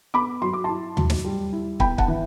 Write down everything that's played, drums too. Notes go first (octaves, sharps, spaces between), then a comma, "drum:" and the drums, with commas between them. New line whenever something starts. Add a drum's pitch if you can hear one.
B3 B5 D6
F#3 C6
D6
E4 A5 C6
F#3, drum: tom D#2
drum: snare
G3
E4
B3 G5 B5, drum: kick
F#5 A5, drum: kick
E3